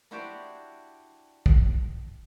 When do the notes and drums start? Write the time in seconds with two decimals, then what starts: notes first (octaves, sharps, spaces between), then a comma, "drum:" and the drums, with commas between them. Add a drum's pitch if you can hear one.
0.11 D4 E4 F#4 G4 C5 D5
1.46 drum: kick